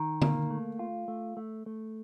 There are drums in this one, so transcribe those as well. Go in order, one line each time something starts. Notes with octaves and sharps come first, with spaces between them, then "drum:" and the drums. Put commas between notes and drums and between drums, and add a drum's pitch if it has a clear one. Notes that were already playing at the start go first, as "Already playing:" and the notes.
Already playing: D#3
A#3, drum: tom D3
A3
F4
A3
A3
A3